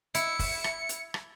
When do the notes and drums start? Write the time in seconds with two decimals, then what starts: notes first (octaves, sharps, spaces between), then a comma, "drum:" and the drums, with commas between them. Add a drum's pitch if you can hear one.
0.15 E4 C#7, drum: hi-hat
0.39 drum: kick, open hi-hat
0.64 drum: rim click
0.89 drum: hi-hat
1.14 drum: rim click